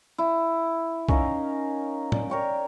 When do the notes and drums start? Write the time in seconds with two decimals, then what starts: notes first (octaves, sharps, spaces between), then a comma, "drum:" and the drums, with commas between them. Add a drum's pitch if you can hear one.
0.18 E4
1.09 C#4 D#4 A#4 F5, drum: kick
2.12 D5, drum: tom
2.30 A#4 C#5 G5